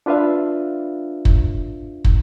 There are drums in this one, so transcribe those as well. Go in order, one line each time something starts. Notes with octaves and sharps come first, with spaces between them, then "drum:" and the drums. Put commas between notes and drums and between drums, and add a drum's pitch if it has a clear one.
D4 F4 B4 E5 F5
drum: kick
drum: kick